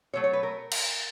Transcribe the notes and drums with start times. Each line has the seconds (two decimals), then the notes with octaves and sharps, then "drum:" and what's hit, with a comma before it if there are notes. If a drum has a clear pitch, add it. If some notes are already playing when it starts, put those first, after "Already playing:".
0.13 B2 F#3 A3 C#5
0.24 C#5
0.33 B4
0.43 A#4
0.72 drum: cymbal